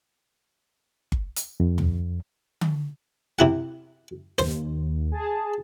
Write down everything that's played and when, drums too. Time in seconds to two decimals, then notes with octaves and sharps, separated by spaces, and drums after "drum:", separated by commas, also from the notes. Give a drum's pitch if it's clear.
1.12 drum: kick G1
1.36 drum: hi-hat
1.60 F2
1.78 drum: tom
2.61 drum: tom D3
3.39 C3 E4 F#5
4.38 D#2 C5, drum: snare
5.12 G#4 A5